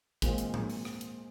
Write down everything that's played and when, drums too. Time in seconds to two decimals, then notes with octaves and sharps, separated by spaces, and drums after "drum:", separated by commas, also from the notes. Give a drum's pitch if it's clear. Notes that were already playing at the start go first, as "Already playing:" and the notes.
0.22 A#2 G#3 C4 F4, drum: kick, hi-hat
0.38 drum: hi-hat
0.54 drum: tom G#2
0.70 drum: open hi-hat
0.85 drum: rim click
1.01 drum: hi-hat